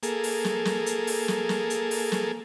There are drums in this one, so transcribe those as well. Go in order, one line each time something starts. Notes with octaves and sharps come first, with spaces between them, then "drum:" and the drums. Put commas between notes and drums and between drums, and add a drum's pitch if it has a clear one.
A#3 G#4 A4, drum: hi-hat
drum: open hi-hat
drum: snare
drum: snare
drum: hi-hat
drum: open hi-hat
drum: snare
drum: snare
drum: hi-hat
drum: open hi-hat
drum: snare